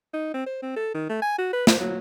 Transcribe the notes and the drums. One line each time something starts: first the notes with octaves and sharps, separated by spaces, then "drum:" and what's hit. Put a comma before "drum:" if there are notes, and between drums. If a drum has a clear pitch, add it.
D#4
C4
C5
C4
A4
D#3
A3
G#5
F#4
B4
C5, drum: snare
F#3